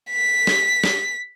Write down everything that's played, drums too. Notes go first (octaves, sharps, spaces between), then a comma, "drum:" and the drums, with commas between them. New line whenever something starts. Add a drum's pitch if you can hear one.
B6
drum: snare
drum: snare